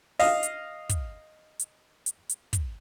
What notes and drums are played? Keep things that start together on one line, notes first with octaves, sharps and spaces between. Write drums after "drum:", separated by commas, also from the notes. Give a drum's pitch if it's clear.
D#5 F5, drum: open hi-hat
drum: hi-hat
drum: kick, hi-hat
drum: hi-hat
drum: hi-hat
drum: hi-hat
drum: kick, hi-hat